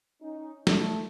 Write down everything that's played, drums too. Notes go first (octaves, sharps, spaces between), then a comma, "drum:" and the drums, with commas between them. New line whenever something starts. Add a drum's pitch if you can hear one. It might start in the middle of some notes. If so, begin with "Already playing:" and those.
C#4 D#4
D3 F3 G3 A3, drum: snare